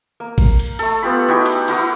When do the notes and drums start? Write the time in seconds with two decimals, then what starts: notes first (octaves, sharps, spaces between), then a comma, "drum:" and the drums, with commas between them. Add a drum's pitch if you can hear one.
0.20 A#3
0.38 drum: kick A1, cymbal
0.59 drum: cymbal
0.79 A3 A4, drum: cymbal
1.02 B3 F4 G4 B5
1.28 D#4 E4 F#4 G4
1.46 drum: cymbal
1.68 E4 F#4 A#4 D#6, drum: cymbal